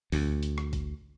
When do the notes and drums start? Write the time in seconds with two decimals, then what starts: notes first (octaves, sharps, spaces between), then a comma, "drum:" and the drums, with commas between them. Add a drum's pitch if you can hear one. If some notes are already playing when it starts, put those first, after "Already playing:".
0.12 D2, drum: open hi-hat
0.43 drum: hi-hat
0.58 drum: rim click
0.73 drum: kick G#1, hi-hat